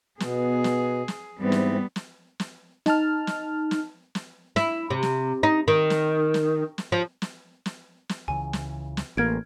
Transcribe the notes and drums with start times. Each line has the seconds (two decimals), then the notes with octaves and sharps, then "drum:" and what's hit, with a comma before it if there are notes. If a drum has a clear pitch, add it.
0.20 B2 B3 G#4, drum: snare
0.64 drum: snare
1.08 drum: snare
1.39 G#2 E3 G3 B3 C4
1.52 drum: snare
1.96 drum: snare
2.40 drum: snare
2.86 D#4 A5 F6, drum: snare
3.27 drum: snare
3.71 drum: snare
4.15 drum: snare
4.56 E4, drum: snare
4.90 C3
5.03 drum: snare
5.43 D#4
5.68 D#3
5.90 drum: snare
6.34 drum: snare
6.78 drum: snare
6.92 F3
7.22 drum: snare
7.66 drum: snare
8.09 drum: snare
8.28 C#2 C#3 E3 G#5
8.53 drum: snare
8.97 drum: snare
9.17 A1 A#3 F6 G#6 D7